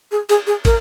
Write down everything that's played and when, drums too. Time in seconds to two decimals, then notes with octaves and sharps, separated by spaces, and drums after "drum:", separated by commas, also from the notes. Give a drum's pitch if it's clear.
0.12 G#4
0.29 G#4, drum: cymbal
0.47 G#4
0.65 A#4, drum: kick, cymbal